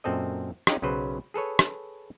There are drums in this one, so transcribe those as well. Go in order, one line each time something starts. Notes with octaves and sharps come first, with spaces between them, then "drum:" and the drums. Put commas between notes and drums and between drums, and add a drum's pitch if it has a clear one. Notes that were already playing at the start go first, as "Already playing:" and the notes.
F#2 A#2 C4 A4 D#5
C#4 D#4 F4 G4 G#4 D#5, drum: rim click
B1 C#3 F#3 B4 C5
G#4 A4 B4 C#5
drum: rim click